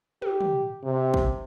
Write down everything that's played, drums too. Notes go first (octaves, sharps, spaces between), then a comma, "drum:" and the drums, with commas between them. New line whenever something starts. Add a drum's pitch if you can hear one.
G4, drum: tom
drum: tom
C3
drum: kick